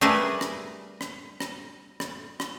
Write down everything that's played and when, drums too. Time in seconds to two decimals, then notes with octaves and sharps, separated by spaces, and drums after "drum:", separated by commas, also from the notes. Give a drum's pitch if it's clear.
0.01 G3 A3 G#4 A#4 B4
0.41 drum: rim click
1.01 drum: rim click
1.40 drum: rim click
2.00 drum: rim click
2.40 drum: rim click